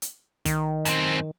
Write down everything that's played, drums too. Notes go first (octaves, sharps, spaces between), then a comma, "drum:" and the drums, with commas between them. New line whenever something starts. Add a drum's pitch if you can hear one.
drum: hi-hat
D#3, drum: kick, hi-hat
F#2 C4, drum: hi-hat